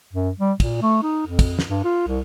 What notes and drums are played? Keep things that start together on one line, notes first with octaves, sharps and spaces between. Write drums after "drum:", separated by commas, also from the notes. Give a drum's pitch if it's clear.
F#2
G3
A#2, drum: kick, cymbal
A3
D#4
F2
drum: kick, cymbal
drum: snare
G2
F4
C2